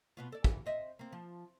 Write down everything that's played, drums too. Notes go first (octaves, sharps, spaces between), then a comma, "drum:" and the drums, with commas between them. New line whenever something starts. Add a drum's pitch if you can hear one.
B2 B3 F4
A4 D5
E3, drum: kick
C4 D#5 E5
A#3 C4
F3